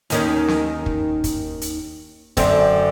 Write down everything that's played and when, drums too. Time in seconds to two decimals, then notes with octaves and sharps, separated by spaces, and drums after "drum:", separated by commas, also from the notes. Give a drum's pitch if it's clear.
0.10 D#2 D#3 C#4, drum: hi-hat
0.48 drum: snare
0.86 drum: kick
1.24 drum: kick, hi-hat
1.61 drum: hi-hat
2.37 F#2 D3 C4, drum: kick, hi-hat